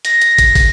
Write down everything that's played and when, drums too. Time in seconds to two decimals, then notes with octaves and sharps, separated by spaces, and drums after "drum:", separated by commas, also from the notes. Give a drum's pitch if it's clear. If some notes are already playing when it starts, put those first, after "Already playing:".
0.05 A#6, drum: hi-hat
0.22 drum: hi-hat
0.38 drum: kick, hi-hat
0.55 drum: kick, open hi-hat